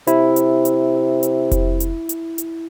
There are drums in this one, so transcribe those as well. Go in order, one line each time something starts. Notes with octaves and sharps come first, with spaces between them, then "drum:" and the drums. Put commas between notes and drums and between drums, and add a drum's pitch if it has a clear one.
C3 E4, drum: hi-hat
drum: hi-hat
drum: hi-hat
drum: hi-hat
drum: kick F1, hi-hat
drum: hi-hat
drum: hi-hat
drum: hi-hat